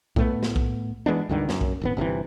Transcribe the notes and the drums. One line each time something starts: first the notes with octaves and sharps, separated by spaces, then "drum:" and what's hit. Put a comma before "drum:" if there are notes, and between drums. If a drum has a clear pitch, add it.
A2 A3 B3, drum: kick
drum: snare
drum: kick
E3 G#3 B3 D4
C#2 G2 D3 D#3
F#2, drum: snare
drum: kick
D#1 G#1 B3
G1 C3 D#3 E3